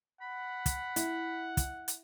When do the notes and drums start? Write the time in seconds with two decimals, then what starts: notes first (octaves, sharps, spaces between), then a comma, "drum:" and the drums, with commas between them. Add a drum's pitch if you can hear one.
0.21 F#5 B5
0.66 drum: kick, hi-hat
0.96 E4, drum: hi-hat
1.57 drum: kick, hi-hat
1.88 drum: hi-hat